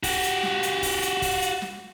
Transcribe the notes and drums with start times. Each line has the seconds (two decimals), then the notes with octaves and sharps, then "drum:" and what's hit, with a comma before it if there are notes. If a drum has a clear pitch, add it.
0.03 F#4 G4, drum: kick, open hi-hat
0.23 drum: hi-hat
0.43 drum: snare
0.63 drum: hi-hat
0.83 drum: kick, open hi-hat
1.02 drum: hi-hat
1.22 drum: kick, open hi-hat
1.42 drum: hi-hat
1.62 drum: snare